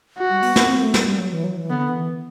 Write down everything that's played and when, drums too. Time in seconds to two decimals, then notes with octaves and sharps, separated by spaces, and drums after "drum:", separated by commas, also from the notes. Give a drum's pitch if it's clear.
0.18 F#4
0.30 G3
0.43 B3, drum: open hi-hat
0.56 B3, drum: snare
0.68 C4
0.81 A3
0.94 G3, drum: snare
1.06 G3
1.19 F#3
1.32 E3
1.44 F#3
1.57 E3
1.70 D3 B3
1.89 E3